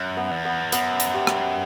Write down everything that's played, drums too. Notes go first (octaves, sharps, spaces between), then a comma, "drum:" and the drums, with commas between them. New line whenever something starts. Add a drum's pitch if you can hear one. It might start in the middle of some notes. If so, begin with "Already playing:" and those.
Already playing: F#2
B3
E2
B3
F#2 B3, drum: hi-hat
drum: hi-hat
G4
drum: rim click